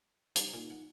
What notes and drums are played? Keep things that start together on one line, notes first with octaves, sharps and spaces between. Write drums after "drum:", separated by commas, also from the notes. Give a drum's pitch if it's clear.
G3 D#4, drum: hi-hat
A#2 D#4
F#5